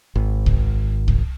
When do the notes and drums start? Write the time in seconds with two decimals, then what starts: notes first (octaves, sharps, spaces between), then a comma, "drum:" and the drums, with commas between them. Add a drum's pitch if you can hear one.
0.15 G#1
0.46 drum: kick C2
1.08 drum: kick C2